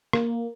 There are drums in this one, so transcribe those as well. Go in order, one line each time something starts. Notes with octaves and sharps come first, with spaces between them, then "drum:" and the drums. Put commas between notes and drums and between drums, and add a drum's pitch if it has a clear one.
A#3, drum: rim click